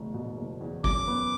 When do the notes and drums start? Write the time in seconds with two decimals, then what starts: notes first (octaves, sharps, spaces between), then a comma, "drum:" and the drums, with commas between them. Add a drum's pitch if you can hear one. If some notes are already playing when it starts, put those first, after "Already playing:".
Already playing: F#1 E2 B2 A3
0.14 B2
0.37 F#1
0.60 E2
0.84 F#2 D6, drum: kick
1.07 B3